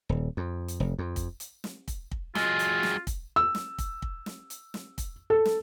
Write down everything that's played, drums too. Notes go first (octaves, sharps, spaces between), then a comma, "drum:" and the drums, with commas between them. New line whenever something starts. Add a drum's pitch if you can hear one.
D#1
F2
drum: hi-hat
F1
F2
drum: kick, hi-hat
drum: hi-hat
drum: snare
drum: kick, hi-hat
drum: kick
F#3 G#3 F4, drum: snare
drum: hi-hat
drum: snare
drum: kick, hi-hat
E6
drum: snare
drum: kick, hi-hat
drum: kick
drum: snare
drum: hi-hat
drum: snare
drum: kick, hi-hat
A4
drum: snare